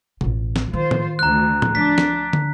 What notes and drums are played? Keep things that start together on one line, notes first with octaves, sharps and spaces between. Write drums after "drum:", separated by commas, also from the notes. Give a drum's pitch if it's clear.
A1 F4, drum: tom B2
drum: snare
D#3 F4 C5
drum: tom A2
D2 A#5 F#6
drum: tom A2
F3 D4 B6
drum: snare
drum: tom